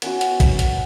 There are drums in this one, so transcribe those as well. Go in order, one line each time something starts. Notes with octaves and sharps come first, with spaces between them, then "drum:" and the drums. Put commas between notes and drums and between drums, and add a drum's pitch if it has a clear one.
B3 C#4 F#4, drum: hi-hat
drum: hi-hat
drum: kick, hi-hat
drum: hi-hat